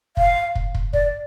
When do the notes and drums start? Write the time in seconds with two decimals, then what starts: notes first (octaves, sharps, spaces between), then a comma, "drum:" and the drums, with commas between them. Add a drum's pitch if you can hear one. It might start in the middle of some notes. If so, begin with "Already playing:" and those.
0.17 F5, drum: kick
0.55 drum: kick
0.75 drum: kick
0.93 D5, drum: kick